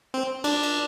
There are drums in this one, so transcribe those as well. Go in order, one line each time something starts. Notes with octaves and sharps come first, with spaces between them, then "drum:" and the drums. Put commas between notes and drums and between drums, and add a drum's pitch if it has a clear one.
C4
D4, drum: cymbal
drum: cymbal